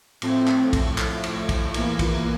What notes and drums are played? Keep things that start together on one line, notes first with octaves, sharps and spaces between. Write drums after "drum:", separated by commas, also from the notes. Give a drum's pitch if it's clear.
A2 F3 A3 C4, drum: cymbal
drum: clap
drum: kick A#1, cymbal
drum: clap
drum: cymbal
drum: kick A#1, cymbal
E2 E3 A#3 E4, drum: cymbal
F4, drum: kick A#1, cymbal